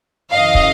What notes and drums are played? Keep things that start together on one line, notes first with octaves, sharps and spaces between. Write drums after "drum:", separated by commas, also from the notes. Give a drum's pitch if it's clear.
F#2 C#3 E3 D#5 F5
drum: kick